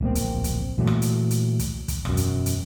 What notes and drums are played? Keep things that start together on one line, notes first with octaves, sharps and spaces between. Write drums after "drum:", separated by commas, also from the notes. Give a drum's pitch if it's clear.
D1 A#1 A#3 C4
drum: hi-hat
drum: kick, hi-hat
A#2 E3 F#3 A3
drum: rim click
drum: hi-hat
drum: hi-hat
drum: kick, hi-hat
drum: kick, hi-hat
E1 F#2, drum: rim click
drum: hi-hat
drum: hi-hat